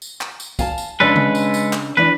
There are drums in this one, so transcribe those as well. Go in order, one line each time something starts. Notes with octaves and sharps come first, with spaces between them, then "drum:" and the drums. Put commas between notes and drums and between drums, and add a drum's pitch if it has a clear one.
drum: tambourine
drum: clap
drum: tambourine
F5 G#5 A5, drum: kick, tambourine
drum: tambourine
C#3 G#3 C#4 D4 A4 B4
drum: tom C#3
drum: tambourine
drum: tambourine
drum: clap
E3 D4 E4 B4